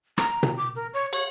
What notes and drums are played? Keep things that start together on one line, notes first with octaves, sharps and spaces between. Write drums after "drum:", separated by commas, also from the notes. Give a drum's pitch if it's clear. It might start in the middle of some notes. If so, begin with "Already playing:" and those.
A#5, drum: rim click
drum: tom B2
D6
A#4
C#5
C#5, drum: cymbal